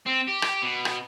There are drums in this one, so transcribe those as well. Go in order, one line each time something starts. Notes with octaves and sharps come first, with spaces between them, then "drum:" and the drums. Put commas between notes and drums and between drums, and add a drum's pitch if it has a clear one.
C4
G4
drum: rim click
B2
drum: rim click